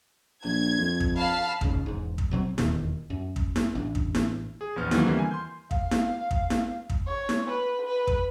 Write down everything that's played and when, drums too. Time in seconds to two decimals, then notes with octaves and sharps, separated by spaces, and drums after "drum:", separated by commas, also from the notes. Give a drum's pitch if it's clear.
0.44 A#1 G#6
0.78 F2
1.00 drum: kick
1.16 F5 A5 B5
1.61 G#1 C#2 G#2 C#3, drum: kick
1.86 E1 G#2
2.18 drum: kick
2.31 B2 F#3 C4
2.58 E1 D#2 A#2 D#3, drum: snare E4
3.10 F#2
3.36 drum: kick
3.56 drum: snare E4
3.75 A1 D4
3.95 drum: kick
4.15 drum: snare E4
4.61 G#4
4.76 A#1 E2 B3 F6
4.91 D#2 D#3 E3 F#3 A#3 B3, drum: snare E4
5.06 D3 E3 G3 A#3 C4 E4
5.19 G#5
5.31 C6 G6
5.71 F5, drum: kick
5.91 drum: snare E4
6.31 drum: kick
6.50 drum: snare E4
6.90 drum: kick
7.07 C#5
7.29 drum: snare E4
7.49 B4
7.86 B4
8.07 drum: kick